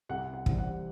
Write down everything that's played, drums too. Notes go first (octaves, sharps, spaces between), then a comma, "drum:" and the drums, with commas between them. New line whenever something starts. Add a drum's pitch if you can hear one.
C2 F#5
F#5
C3 E3 G3, drum: kick
F#5